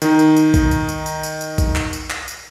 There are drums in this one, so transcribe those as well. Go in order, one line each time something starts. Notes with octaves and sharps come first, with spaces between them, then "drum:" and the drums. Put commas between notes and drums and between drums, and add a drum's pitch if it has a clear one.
D#3 D#4, drum: tambourine
drum: tambourine
drum: tambourine
drum: kick A#1, tambourine
drum: tambourine
drum: tambourine
drum: tambourine
drum: tambourine
drum: tambourine
drum: kick A#1, tambourine
drum: clap
drum: tambourine
drum: clap
drum: tambourine